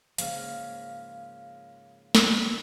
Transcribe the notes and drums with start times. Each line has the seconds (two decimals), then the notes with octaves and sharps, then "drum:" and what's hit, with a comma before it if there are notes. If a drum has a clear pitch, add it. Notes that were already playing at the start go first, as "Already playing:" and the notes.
0.18 G#2 C#3 F3 A#3 F5 F6, drum: hi-hat
2.15 drum: snare